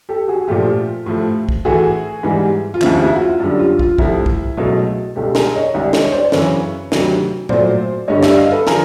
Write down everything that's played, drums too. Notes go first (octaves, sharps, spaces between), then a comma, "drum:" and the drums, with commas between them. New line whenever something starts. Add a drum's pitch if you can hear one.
G4 A4
F#4 G#4
A#2 F3 A3 F4 G4
A2 F3 A3
drum: kick
A2 E3 A3 F#4 G#4
G#2 E3 G3
F4
D#2 C#3 F3 E4, drum: clap
E4
F#4
F4
F#2 D3 G3
F4
F4, drum: kick
C2 C3 F3 A3 E4, drum: kick
drum: kick
C#2 B2 F#3 A3
C#2 B2 G3 G4 A4
G#4 A#4, drum: snare
C#5 D#5
C2 C3 D#3 G#3 D5 E5
C#5 D#5, drum: snare
C#5
C5 D5
F#2 C#3 E3 B4 C#5, drum: snare
D2 C3 D#3 F#3, drum: snare
A#2 F#3 A3 C5 D5, drum: tom A2
G2 D3 G3 C#5 D#5
D5 E5, drum: snare
D#5 F5
A4 B4
D3 F3 G#4 A#4, drum: snare